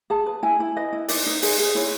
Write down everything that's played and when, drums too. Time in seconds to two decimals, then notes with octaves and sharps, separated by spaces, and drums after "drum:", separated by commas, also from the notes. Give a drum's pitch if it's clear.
0.10 G#4 A5
0.26 B4
0.43 E4 G#5
0.60 E4
0.77 B4 D#5
0.93 E4
1.08 D#4 D5, drum: open hi-hat
1.26 D#4
1.42 G#4, drum: open hi-hat
1.59 G#4
1.75 E4 C#5